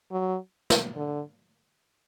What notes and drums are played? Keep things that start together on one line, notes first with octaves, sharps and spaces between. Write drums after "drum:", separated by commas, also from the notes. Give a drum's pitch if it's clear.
F#3
drum: snare
D3